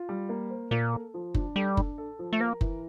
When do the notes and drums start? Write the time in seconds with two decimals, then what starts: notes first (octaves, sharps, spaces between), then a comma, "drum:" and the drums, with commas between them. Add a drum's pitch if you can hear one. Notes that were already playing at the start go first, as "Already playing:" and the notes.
Already playing: F4
0.09 G3
0.29 A#3
0.50 C5
0.71 A#2 A#3
0.92 A4
1.14 F3
1.34 D4, drum: kick F#1
1.56 G3 A4
1.77 D4, drum: kick F#1
1.98 A4
2.19 F3
2.33 A3
2.40 A#3 A#4
2.61 E3, drum: kick F#1